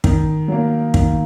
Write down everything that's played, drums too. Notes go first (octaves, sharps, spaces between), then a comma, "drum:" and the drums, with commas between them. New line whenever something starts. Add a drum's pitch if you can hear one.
D#3, drum: kick
F#3 A#3
D#3, drum: kick